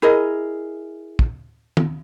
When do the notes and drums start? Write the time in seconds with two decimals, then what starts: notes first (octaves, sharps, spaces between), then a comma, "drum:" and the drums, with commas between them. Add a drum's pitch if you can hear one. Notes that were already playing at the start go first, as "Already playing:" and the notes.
0.02 E4 G#4 A#4 D#5
1.19 drum: kick
1.77 drum: tom D#3